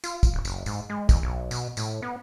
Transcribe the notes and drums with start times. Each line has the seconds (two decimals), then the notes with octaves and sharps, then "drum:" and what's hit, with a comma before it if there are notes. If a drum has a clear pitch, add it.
0.04 F4, drum: tambourine
0.23 drum: kick, tambourine
0.34 D#1
0.45 F#1, drum: tambourine
0.66 G#2, drum: tambourine
0.90 G#3
1.09 E2, drum: kick, tambourine
1.23 B1
1.51 B2, drum: tambourine
1.77 A2, drum: tambourine
2.02 B3